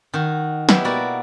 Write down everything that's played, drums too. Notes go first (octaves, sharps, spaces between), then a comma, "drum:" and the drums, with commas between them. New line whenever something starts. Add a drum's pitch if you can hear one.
D#3 F#4
B3 E4 G4 B4 C#5 D#5, drum: snare
B2 A#3 F#4 B4 D5